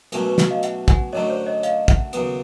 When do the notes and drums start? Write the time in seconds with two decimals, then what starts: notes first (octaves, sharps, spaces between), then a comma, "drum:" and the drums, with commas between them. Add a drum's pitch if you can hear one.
0.12 B1 B2 F#3 A3 C#4 A#4, drum: hi-hat
0.25 B4
0.38 drum: snare
0.50 D#5 F5
0.63 E5 F#5, drum: hi-hat
0.88 F#5 G#5, drum: kick, hi-hat
1.13 F#2 D3 F#3 A3 C#5 D#5
1.30 C5 D5
1.46 C#5 D#5
1.63 D#5 F5, drum: hi-hat
1.88 E5 F#5, drum: kick, hi-hat
2.13 D#2 C#3 F#3 B3, drum: hi-hat